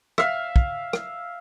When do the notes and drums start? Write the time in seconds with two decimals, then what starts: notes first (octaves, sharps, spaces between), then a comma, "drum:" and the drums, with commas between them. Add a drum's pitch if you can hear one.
0.18 E5 F5, drum: rim click
0.56 drum: kick
0.93 drum: rim click